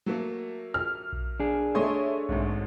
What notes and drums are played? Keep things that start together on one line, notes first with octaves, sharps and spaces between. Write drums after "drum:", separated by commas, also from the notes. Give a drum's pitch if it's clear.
F#3 A3 A#3
F6
drum: kick A#1
D4 G#4
A3 C#5 D#5 A5 C6
G#1 D2 G#2, drum: kick A#1